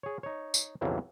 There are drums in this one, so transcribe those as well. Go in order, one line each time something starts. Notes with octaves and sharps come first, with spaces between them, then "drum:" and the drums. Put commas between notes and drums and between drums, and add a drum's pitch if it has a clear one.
G#4 C#5
D#4 C#5
drum: tambourine
B1 F2 C#3 E3 F#3 G3